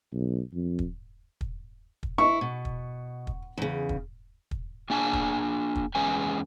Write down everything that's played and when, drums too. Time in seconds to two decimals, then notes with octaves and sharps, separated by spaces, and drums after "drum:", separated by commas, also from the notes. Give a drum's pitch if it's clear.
0.13 B1
0.54 F2
0.79 drum: kick
1.41 drum: kick
2.03 drum: kick
2.18 E4 C#6
2.41 B2
2.65 drum: kick
3.27 drum: kick
3.58 E2 C#3
3.89 drum: kick
4.51 drum: kick
4.90 A#3 D4 G#4 G#5 A5
5.13 drum: kick
5.75 drum: kick
5.95 E2 G#3 C#4 B4 G#5